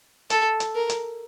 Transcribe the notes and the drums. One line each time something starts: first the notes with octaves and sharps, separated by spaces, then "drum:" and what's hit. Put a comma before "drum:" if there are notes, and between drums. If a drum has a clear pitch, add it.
A4, drum: hi-hat
drum: hi-hat
A#4
drum: hi-hat